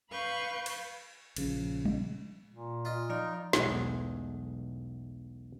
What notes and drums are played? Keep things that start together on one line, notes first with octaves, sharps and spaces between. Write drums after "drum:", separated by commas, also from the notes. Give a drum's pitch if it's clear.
B4 F5 B5 C#6 G6
drum: cymbal
A#1 C#3 F3, drum: cymbal
drum: tom G3
A#2
F4 D#5
F3 D#4 D5 F6
B1 E2 G#3 A3, drum: snare